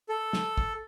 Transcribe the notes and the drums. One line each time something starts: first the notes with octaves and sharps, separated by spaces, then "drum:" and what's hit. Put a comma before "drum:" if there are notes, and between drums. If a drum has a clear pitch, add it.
A4
drum: snare
drum: kick